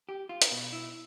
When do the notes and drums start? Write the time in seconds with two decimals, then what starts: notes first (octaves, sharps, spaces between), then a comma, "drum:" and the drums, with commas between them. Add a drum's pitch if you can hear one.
0.09 G4
0.29 F4
0.42 drum: hi-hat
0.51 B2
0.73 E4